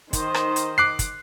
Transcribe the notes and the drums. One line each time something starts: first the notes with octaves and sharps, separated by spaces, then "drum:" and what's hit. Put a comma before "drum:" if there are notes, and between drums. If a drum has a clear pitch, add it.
D#3 C5 D#5, drum: kick, hi-hat
drum: rim click
drum: hi-hat
D6 F#6 C7
drum: kick, hi-hat